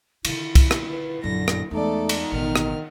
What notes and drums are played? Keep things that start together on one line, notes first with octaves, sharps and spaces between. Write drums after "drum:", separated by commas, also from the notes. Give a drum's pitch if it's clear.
D3 D#3 E4, drum: cymbal
drum: kick, cymbal
drum: rim click
B4
A#1 F#2 D3 A#6
drum: rim click
E2 G#3 A3 D#4 A4 D5
drum: cymbal
A1 B2 D#3 F6
drum: rim click